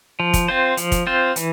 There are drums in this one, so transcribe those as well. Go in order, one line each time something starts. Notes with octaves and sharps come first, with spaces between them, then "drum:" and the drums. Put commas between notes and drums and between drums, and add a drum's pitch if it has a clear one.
F3
drum: kick, hi-hat
C4 F4 C5
F3, drum: hi-hat
drum: kick, hi-hat
C4 F4 C5
E3, drum: hi-hat